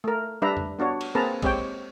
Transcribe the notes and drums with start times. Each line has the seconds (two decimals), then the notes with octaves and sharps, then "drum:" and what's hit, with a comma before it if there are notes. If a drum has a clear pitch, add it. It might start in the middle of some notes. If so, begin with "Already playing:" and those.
0.04 A3 A#4
0.42 G3 D4 B4 E5 A#5
0.57 drum: tom
0.79 B3 D4 F#4 C#5
1.01 drum: cymbal
1.15 A#3 C4 G#4 B4 A5 A#5
1.42 G#3 C4 G4 C#5 G5, drum: kick, cymbal